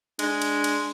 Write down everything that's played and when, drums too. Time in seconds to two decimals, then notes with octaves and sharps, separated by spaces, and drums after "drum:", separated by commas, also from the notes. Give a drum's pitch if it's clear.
0.19 G#3 D4, drum: cymbal
0.42 drum: cymbal
0.64 drum: cymbal